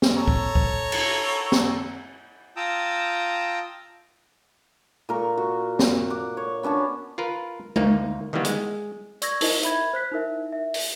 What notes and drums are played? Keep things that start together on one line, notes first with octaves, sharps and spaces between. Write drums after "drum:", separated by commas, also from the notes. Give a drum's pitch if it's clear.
drum: snare
A4 C#5 A#5
drum: kick C#2
drum: kick C#2
drum: cymbal
drum: snare
F4 G5 A5 A#5 D#6 E6
A#2 A#4 C#6
F#4
drum: snare
F#5 D6
C#5
B3 C#4 D4 A5
F4 A#4 B4
D2 A#3 D#4, drum: tom G#3
D#3 E3 G3 A#3 B3
G#3, drum: hi-hat
D5 C#6 E6 G#6 A#6, drum: hi-hat
D#4 E4 A#4 C5 D#5, drum: open hi-hat
E5 B5 G#6, drum: hi-hat
C5 F#6 B6
D#4 E4 A#4 E5
E5
drum: open hi-hat